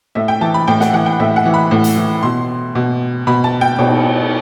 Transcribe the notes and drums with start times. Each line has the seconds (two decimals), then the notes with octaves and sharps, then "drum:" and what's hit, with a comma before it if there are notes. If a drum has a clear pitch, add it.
0.15 A2 E5
0.28 G5
0.41 E3 A5
0.54 B5
0.68 A2 G5
0.80 F#5, drum: snare
0.93 E3 F#5
1.06 G5
1.19 A2 E5
1.36 F#5
1.45 E3
1.54 B5
1.71 A2
1.84 drum: hi-hat
1.97 E3
2.23 B2 C6
2.75 B2
3.27 B2 B5
3.44 A5
3.61 G5
3.79 B2, drum: cymbal